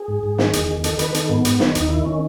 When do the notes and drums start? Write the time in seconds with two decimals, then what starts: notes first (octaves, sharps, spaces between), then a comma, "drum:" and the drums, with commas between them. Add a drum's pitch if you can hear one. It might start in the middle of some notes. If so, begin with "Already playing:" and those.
Already playing: G#4
0.08 G#2
0.23 G#2
0.38 D#3, drum: snare
0.53 E2, drum: hi-hat
0.69 D#3
0.84 D#3 A4, drum: hi-hat
0.99 D#3 B4, drum: hi-hat
1.14 D#3 A4, drum: hi-hat
1.29 G#2 B3
1.45 G#2, drum: hi-hat
1.60 D#3, drum: snare
1.75 D#2 D#4, drum: hi-hat
1.90 D#3 E4
2.05 D#3 C#4